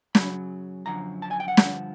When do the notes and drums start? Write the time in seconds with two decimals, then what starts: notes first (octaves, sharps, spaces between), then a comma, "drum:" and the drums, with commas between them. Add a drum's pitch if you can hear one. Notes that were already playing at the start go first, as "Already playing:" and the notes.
0.15 F#2 C#3 F#3 B5, drum: snare
0.86 F#2 D3 F3 A#5
1.22 A5
1.31 G#5
1.40 G5
1.48 F#5
1.57 G2 D3 F3, drum: snare